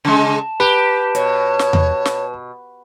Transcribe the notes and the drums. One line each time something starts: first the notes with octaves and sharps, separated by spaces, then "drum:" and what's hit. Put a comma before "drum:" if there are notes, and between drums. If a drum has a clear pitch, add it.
C#3 G#3 A5
G4 B4
B2 C#5, drum: hi-hat
drum: snare
drum: tom E2
drum: snare